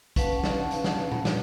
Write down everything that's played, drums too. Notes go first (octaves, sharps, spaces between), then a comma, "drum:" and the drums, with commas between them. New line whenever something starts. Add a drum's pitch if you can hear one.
C#4 B4 F5 F#5 A5, drum: kick, hi-hat
drum: snare
drum: hi-hat
drum: snare
drum: tom A#2
drum: snare